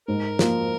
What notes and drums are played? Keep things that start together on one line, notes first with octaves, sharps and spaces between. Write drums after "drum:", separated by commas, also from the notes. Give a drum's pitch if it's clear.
G#2 A#4
F3 A#3, drum: snare